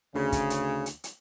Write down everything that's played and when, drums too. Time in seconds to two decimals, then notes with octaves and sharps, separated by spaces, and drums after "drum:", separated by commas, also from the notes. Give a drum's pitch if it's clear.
0.14 D2 C#3
0.32 drum: kick, hi-hat
0.50 drum: hi-hat
0.86 drum: hi-hat
1.04 drum: hi-hat